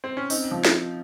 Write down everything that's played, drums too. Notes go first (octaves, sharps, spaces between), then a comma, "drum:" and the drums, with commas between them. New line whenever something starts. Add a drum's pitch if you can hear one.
C4
C#4
C4 D#4, drum: open hi-hat
F3
drum: snare